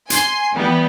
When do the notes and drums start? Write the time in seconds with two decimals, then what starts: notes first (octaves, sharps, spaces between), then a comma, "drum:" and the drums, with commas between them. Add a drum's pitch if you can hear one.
0.10 G#5 C6, drum: hi-hat
0.55 E3 G3 B3